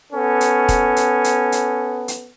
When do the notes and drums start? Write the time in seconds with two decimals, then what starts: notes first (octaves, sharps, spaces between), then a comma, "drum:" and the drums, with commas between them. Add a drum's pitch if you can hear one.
0.13 B3 C#4 A4
0.41 drum: hi-hat
0.69 drum: kick, hi-hat
0.96 drum: hi-hat
1.24 drum: hi-hat
1.52 drum: hi-hat
2.08 drum: hi-hat